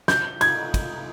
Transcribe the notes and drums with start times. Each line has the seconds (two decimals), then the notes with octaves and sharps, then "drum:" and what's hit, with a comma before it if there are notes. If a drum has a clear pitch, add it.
0.08 G6, drum: snare
0.41 G#6, drum: cymbal
0.74 drum: kick, cymbal